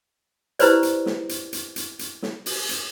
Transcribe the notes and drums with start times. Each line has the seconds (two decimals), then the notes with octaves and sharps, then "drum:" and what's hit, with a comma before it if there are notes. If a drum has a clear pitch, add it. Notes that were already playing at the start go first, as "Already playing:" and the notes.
0.59 E4 G4 B4 C5 D5, drum: hi-hat
0.83 drum: hi-hat
1.06 drum: snare
1.29 drum: hi-hat
1.53 drum: hi-hat
1.76 drum: hi-hat
1.99 drum: hi-hat
2.22 drum: snare
2.46 drum: open hi-hat
2.69 drum: hi-hat